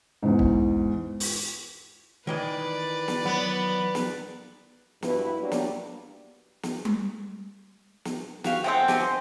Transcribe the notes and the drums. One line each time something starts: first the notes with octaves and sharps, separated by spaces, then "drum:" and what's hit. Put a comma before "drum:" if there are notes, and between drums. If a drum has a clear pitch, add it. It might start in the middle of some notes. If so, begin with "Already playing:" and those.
E2 G#2
drum: kick
drum: open hi-hat
D#3 E3 B4 D5 D#5
drum: snare
F#3 B3
drum: snare
G2 E4 F#4 B4, drum: snare
F#3 G3 A#3 D4
drum: snare
drum: snare
drum: tom G3
drum: snare
F#4 G4 F5, drum: snare
C3 G#3 C4 A4 F#5 G5
G4 D#5 G#5, drum: snare
C5